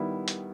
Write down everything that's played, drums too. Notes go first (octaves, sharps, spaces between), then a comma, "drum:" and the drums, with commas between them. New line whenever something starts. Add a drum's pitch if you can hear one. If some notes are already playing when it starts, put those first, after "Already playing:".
Already playing: D#3 G3 B3 E4
drum: hi-hat